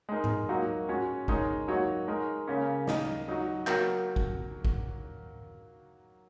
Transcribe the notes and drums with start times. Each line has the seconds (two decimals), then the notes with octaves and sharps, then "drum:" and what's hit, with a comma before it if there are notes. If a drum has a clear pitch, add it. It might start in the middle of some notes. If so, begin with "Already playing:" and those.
0.09 G#3 D#4 A#4
0.24 drum: tom G#2
0.49 F#3 A#3 D#4 F#4
0.89 G#3 C#4 F#4 C#5
1.28 G#3 D#4 A#4 C#5, drum: kick
1.68 F#3 A#3 D#4 F#4 C#5
2.08 G#3 D#4 A#4
2.47 C#3 A#3 C#4
2.87 A#3 D#4 A#4 D#5, drum: snare
3.28 F#3 D#4 F#4
3.67 F#3 A#3 F#4 A#4, drum: clap
4.16 drum: kick
4.65 drum: kick